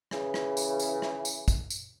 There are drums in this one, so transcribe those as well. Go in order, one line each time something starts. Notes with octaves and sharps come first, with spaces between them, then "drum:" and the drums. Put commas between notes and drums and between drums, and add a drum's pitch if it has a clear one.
C#3 E3, drum: rim click
drum: rim click
drum: tambourine
drum: tambourine
drum: rim click
drum: tambourine
drum: kick, tambourine
drum: tambourine